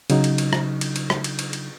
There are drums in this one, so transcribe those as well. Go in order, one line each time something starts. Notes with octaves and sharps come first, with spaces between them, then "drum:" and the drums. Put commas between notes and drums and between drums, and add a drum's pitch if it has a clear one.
C#3 F#3 D#4, drum: cymbal
drum: cymbal
drum: cymbal
drum: rim click
drum: cymbal
drum: cymbal
drum: rim click
drum: cymbal
drum: cymbal
drum: cymbal